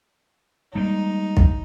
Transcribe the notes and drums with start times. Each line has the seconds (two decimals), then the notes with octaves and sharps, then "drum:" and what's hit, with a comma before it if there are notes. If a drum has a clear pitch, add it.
0.75 G3 G#3 A#3 D#4
1.37 drum: kick